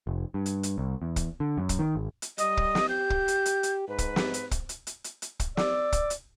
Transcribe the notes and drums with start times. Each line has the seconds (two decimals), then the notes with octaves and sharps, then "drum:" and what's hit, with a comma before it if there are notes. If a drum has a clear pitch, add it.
0.07 F1
0.34 G2
0.46 drum: hi-hat
0.63 drum: hi-hat
0.78 C2
1.02 E2
1.16 drum: kick, hi-hat
1.40 D3
1.58 F#2
1.69 drum: kick, hi-hat
1.79 D#3
1.96 G#1
2.22 drum: hi-hat
2.38 G3 D#5, drum: hi-hat
2.57 drum: kick
2.75 drum: snare
2.89 G4 G6
3.10 drum: kick
3.28 drum: hi-hat
3.46 drum: hi-hat
3.63 drum: hi-hat
3.88 G#2 B4
3.98 drum: kick, hi-hat
4.16 drum: snare
4.34 drum: hi-hat
4.51 drum: kick, hi-hat
4.69 drum: hi-hat
4.87 drum: hi-hat
5.04 drum: hi-hat
5.22 drum: hi-hat
5.40 drum: kick, hi-hat
5.57 D5 D6 E6, drum: snare
5.92 drum: kick, hi-hat
6.10 drum: hi-hat